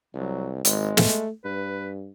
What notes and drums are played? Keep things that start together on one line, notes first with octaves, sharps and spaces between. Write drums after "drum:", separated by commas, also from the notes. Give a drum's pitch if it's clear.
C2 F#3
G#1 G#3, drum: hi-hat
A3, drum: snare
G2 B4